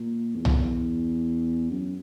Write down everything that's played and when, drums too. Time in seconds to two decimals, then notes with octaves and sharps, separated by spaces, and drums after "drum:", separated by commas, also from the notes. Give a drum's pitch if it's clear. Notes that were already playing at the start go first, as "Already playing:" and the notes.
Already playing: A#2
0.35 E2
0.45 drum: tom C2
0.57 E2
1.71 F#2